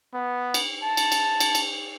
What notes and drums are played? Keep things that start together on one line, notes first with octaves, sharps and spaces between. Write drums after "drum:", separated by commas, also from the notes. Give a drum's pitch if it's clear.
B3
drum: cymbal
A5
drum: cymbal
drum: cymbal
drum: cymbal
drum: cymbal